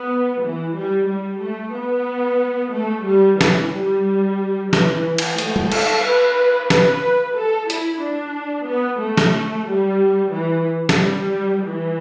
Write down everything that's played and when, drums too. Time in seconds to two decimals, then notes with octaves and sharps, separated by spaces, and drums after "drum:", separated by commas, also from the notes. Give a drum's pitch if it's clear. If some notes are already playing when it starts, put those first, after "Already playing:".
Already playing: B3
0.44 E3
0.77 G3
1.09 G3
1.42 A3
1.75 B3
2.74 A3
3.07 G3
3.41 E3, drum: snare
3.73 G3
4.73 E3, drum: snare
5.18 drum: cymbal
5.38 A3, drum: hi-hat
5.56 drum: tom G3
5.72 A4, drum: cymbal
6.05 B4
6.70 B4, drum: snare
7.36 A4
7.70 E4, drum: hi-hat
8.02 D4
8.68 B3
9.01 A3
9.17 drum: snare
9.67 G3
10.34 E3
10.89 drum: snare
10.99 G3
11.65 E3